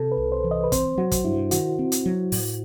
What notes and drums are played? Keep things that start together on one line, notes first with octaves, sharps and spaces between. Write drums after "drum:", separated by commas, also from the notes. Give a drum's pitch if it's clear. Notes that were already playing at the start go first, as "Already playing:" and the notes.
Already playing: C3 A4
B4
C2
C5
E3
D#5
B4
C4 C5, drum: kick, hi-hat
F#3 F#4
drum: kick, hi-hat
G2 E4
D#3 F#4, drum: hi-hat
C4
drum: hi-hat
F#3
A2, drum: open hi-hat